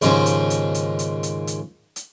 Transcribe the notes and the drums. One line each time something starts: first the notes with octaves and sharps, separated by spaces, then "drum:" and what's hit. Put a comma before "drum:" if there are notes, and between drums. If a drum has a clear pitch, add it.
D#2 G#2 C#3 F3 G#3 C#4, drum: hi-hat
drum: hi-hat
drum: hi-hat
drum: hi-hat
drum: hi-hat
drum: hi-hat
drum: hi-hat
drum: hi-hat